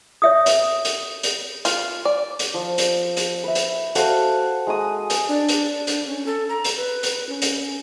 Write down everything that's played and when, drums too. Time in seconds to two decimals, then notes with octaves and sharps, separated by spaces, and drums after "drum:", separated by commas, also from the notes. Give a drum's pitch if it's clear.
0.22 C#5 E5 D#6
0.46 drum: hi-hat
0.85 drum: hi-hat
1.23 drum: hi-hat
1.65 F4, drum: hi-hat
2.05 D5
2.39 drum: hi-hat
2.54 F3
2.78 drum: hi-hat
3.17 drum: hi-hat
3.44 B4 E5
3.55 drum: hi-hat
3.95 F#4 A4 C5 F5, drum: hi-hat
4.67 G#3 A#5 D#6
5.10 drum: hi-hat
5.29 D4
5.49 drum: hi-hat
5.87 drum: hi-hat
6.06 C#4
6.26 A4
6.49 A#5
6.64 drum: hi-hat
6.77 B4
7.03 drum: hi-hat
7.29 C#4
7.42 drum: hi-hat